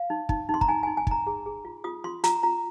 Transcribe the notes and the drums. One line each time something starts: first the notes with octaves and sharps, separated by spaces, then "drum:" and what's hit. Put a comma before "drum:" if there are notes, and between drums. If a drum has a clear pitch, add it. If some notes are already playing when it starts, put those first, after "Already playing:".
Already playing: F5
D#4
D#4, drum: kick
D#4
C6
A#5, drum: kick
D#4 G#5
D#4 G#5
G#5
D#4 A#5, drum: kick
G#4 A#5
G#4
F4
F4 D#6
F4 C6
F4 A#5, drum: hi-hat
F4 A#5